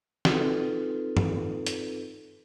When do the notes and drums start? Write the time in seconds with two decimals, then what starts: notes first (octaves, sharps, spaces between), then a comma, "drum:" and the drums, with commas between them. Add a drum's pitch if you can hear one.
0.25 C4 D#4 F4 A4 B4, drum: snare
1.17 drum: tom
1.66 drum: hi-hat